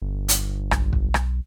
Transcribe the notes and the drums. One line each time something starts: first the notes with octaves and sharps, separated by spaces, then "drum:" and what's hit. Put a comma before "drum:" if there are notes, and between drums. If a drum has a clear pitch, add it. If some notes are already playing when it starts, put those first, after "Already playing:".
G1
drum: hi-hat
B1, drum: rim click
drum: kick
drum: rim click